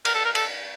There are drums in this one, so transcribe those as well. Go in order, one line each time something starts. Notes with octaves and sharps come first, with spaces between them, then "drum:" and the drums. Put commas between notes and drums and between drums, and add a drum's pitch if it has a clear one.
A#4, drum: cymbal
A4
A#4
A4, drum: cymbal